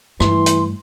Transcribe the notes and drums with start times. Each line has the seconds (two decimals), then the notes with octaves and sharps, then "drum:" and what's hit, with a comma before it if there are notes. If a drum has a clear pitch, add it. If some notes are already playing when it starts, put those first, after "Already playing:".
0.20 G2 E3 A3 C6, drum: rim click
0.46 drum: hi-hat